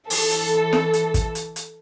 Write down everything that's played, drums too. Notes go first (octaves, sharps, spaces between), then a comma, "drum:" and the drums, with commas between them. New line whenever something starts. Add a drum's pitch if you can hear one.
E3 A4, drum: open hi-hat
drum: hi-hat
drum: snare
drum: hi-hat
drum: kick, hi-hat
drum: hi-hat
drum: hi-hat